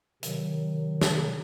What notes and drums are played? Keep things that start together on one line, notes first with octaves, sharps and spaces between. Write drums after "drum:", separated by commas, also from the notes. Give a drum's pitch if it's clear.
C3 D#3 F#3, drum: hi-hat
drum: snare